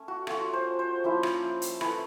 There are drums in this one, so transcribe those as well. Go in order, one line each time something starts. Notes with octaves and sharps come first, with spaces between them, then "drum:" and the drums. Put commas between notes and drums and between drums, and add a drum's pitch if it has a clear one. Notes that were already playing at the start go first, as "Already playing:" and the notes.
Already playing: A3 C#4
F#4
A3 C#4 F4 F#4, drum: rim click
C5
C5
F3 A#3 C#4 E4
drum: rim click
drum: hi-hat
A3 C#4 E4 B4, drum: rim click